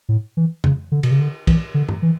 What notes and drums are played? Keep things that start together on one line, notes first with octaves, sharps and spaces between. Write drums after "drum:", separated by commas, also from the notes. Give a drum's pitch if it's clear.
A2
E3
C#3, drum: tom F2
D3
B2, drum: cymbal
C#3
D3
E3, drum: kick, cymbal
D3
drum: tom G2
E3